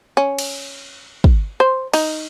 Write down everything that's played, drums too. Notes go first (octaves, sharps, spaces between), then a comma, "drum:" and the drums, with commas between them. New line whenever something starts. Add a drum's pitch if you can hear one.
C#4
drum: cymbal
drum: kick
C5
D#4, drum: cymbal